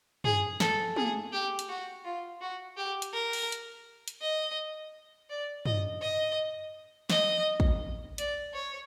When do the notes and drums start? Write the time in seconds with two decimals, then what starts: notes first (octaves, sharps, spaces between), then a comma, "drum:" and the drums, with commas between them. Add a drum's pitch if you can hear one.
0.24 G#4, drum: tom
0.60 A4, drum: snare
0.96 G#4, drum: tom
1.32 G4
1.59 drum: hi-hat
1.69 F#4
2.04 F4
2.41 F#4
2.77 G4
3.02 drum: hi-hat
3.13 A#4
3.33 drum: open hi-hat
3.52 drum: hi-hat
4.08 drum: hi-hat
4.21 D#5
5.30 D5
5.66 D#5, drum: tom
6.01 D#5
7.10 D#5, drum: snare
7.60 drum: kick
8.18 D5, drum: hi-hat
8.54 C#5